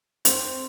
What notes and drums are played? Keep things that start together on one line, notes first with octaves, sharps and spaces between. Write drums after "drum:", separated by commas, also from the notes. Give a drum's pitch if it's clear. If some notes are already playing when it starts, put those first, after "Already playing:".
C4, drum: hi-hat